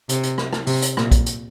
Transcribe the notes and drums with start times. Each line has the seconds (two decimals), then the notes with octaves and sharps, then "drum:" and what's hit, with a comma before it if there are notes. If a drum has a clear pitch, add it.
0.09 C3, drum: hi-hat
0.23 drum: hi-hat
0.38 drum: rim click
0.53 drum: rim click
0.67 C3, drum: open hi-hat
0.82 drum: hi-hat
0.97 A#2, drum: rim click
1.11 drum: kick, hi-hat
1.26 drum: hi-hat